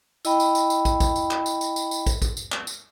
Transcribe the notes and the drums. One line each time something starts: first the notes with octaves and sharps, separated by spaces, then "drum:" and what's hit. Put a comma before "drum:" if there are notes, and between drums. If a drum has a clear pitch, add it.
E4 D#5 G5 B5, drum: tambourine
drum: tambourine
drum: tambourine
drum: tambourine
drum: kick, tambourine
drum: kick, tambourine
drum: tambourine
drum: clap
drum: tambourine
drum: tambourine
drum: tambourine
drum: tambourine
drum: kick, tambourine
drum: kick, tambourine
drum: tambourine
drum: clap
drum: tambourine